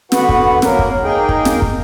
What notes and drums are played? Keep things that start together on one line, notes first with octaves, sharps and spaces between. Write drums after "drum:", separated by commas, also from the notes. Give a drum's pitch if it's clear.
D3 B3 F#4 B4 F#5, drum: snare
drum: kick
F#3 A#3 A#4, drum: snare
drum: kick
A#3 D#4 G#4 A#4 G5
drum: kick
drum: snare
drum: kick